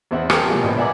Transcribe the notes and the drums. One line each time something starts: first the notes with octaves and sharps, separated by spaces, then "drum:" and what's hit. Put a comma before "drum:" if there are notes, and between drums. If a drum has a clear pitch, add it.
E2 C4 E5 F#5
G4 G#4 A#4 C5 G5 A5, drum: rim click
C2 B2 F3 G#3 A#3
A#1 B3
D5 E5 F#5 G#5 A#5 D6